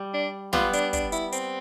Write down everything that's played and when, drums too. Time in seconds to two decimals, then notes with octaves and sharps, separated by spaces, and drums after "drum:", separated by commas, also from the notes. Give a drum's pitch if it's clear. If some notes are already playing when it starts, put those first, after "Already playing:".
Already playing: G3
0.14 D4
0.53 G3 B3 F4, drum: snare
0.73 D4, drum: hi-hat
0.93 D4, drum: kick, hi-hat
1.12 E4, drum: hi-hat
1.32 C4, drum: hi-hat